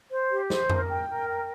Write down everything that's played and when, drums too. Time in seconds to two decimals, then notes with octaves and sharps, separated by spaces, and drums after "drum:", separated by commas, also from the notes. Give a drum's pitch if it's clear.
0.10 C5
0.30 G4
0.50 C5, drum: snare
0.70 A#4, drum: tom F2
0.89 G5
1.08 A#4
1.29 G5